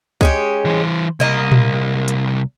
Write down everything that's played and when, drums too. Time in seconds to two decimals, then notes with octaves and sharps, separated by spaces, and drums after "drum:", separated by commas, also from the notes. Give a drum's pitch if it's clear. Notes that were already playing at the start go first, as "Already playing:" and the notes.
0.21 G#3 C#4 G4, drum: kick C#2
0.65 E3 C5
1.20 C2 A#3 A#4 D#5
1.52 drum: tom A#2
2.08 drum: hi-hat